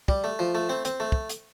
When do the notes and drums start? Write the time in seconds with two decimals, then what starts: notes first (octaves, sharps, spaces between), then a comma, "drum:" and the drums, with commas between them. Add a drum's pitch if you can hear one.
0.08 G3, drum: kick
0.24 A3
0.39 F3
0.55 A3
0.69 C4
0.85 C4, drum: hi-hat
1.00 A3
1.12 drum: kick
1.29 drum: hi-hat